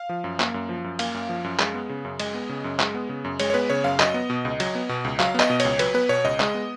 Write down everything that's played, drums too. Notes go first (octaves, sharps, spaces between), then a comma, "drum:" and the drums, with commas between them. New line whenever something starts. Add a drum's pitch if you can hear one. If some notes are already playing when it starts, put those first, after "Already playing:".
Already playing: F5
F3
F#2
A#3, drum: clap
F#2
F3
F#2
A#3 F5, drum: cymbal
F#2
F3
F#2
G#3, drum: clap
B3
C#3
F#2
G#3 D#5, drum: cymbal
B3
C#3
F#2
G#3, drum: clap
B3
C#3
F#2
G#3 C#5, drum: cymbal
C#5
B3 B4
C#3 C#5
F#2 F5
F#3 D#5, drum: clap
B3
B2
C#2
F#3, drum: cymbal
B3
B2
C#2
F#3 F5, drum: clap
B3
D#5, drum: clap
B2
C#5, drum: cymbal
C#2
F#3 B4, drum: cymbal
B3 B4
B2 C#5
C#2 D#5
G#3 D#5, drum: clap
B3